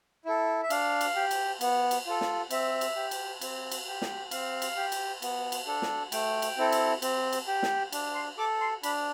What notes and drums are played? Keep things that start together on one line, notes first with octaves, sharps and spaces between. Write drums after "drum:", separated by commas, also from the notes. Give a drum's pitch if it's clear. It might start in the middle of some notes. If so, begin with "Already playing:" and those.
E4 A4
E5
D4 F5, drum: cymbal
drum: cymbal
G4
drum: cymbal
B3, drum: cymbal
drum: cymbal
F4 A4
drum: snare
C4 E5, drum: cymbal
drum: cymbal
G4
drum: cymbal
C4, drum: cymbal
drum: cymbal
G4
drum: snare
C4 F5, drum: cymbal
drum: cymbal
G4
drum: cymbal
B3, drum: cymbal
drum: cymbal
D4 A4
drum: snare
A3 G5, drum: cymbal
drum: cymbal
C4 E4 A4
drum: cymbal
C4, drum: cymbal
drum: cymbal
G4
drum: snare
D4, drum: cymbal
C6
A4 D6
C6
D4 B5, drum: cymbal